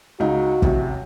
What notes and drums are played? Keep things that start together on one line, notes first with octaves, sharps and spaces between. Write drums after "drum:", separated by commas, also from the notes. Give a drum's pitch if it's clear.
C#2 D#4 F#4
A1 C3, drum: kick